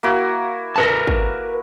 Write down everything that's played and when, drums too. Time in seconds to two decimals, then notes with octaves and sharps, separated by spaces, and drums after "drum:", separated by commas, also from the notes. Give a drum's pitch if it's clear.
0.03 A#3 E4 F#4
0.76 A#4 B4 A5
1.07 drum: kick